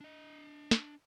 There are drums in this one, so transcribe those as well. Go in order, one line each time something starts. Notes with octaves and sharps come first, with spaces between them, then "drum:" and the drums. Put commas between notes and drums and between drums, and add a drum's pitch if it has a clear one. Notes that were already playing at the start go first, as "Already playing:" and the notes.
D4 D#5
drum: snare